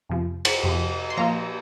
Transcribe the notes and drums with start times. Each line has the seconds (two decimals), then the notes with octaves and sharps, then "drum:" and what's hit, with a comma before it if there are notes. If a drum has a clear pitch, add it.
0.09 F2 C3 F3
0.45 drum: cymbal
0.64 F2 C3 F3
1.10 C6
1.17 A#2 F3 A#3 F4 A#5